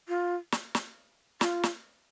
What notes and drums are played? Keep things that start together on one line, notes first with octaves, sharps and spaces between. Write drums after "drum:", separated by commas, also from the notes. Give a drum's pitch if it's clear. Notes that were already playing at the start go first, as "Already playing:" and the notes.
F4
drum: snare
drum: snare
F4, drum: snare
drum: snare